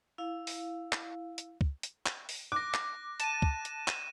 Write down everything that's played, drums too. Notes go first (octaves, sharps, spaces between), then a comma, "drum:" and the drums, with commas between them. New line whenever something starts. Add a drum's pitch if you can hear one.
E4 F5
drum: open hi-hat
drum: clap
drum: hi-hat
drum: kick
drum: hi-hat
drum: clap
drum: open hi-hat
D6 F#6 A#6
drum: clap
A5 D#7 E7, drum: hi-hat
drum: kick
drum: hi-hat
drum: clap